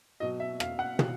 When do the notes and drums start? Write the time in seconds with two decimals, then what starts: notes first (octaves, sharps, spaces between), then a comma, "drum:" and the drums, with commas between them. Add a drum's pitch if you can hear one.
0.20 B2 F#3 D#5
0.40 E5
0.60 F5, drum: rim click
0.79 F#5
0.99 drum: tom